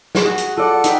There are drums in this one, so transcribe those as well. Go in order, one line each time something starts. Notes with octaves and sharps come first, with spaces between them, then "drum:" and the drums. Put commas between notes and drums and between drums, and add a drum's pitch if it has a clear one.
drum: snare
F#4 G#4
drum: hi-hat
F4 A4 D5 F#5
D#4 B4 G5, drum: hi-hat